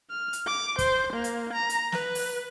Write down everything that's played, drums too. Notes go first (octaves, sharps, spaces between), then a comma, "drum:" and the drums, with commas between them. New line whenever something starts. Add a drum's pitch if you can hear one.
F6
drum: hi-hat
D6
C5, drum: kick, hi-hat
A#3
drum: hi-hat
A#5
drum: hi-hat
B4, drum: snare
drum: open hi-hat